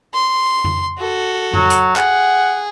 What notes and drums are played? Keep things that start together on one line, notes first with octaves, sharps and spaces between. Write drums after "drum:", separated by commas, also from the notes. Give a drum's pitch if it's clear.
C6
drum: tom F2
F#4 A4
F#3, drum: tom F2
drum: hi-hat
G#4 F#5, drum: clap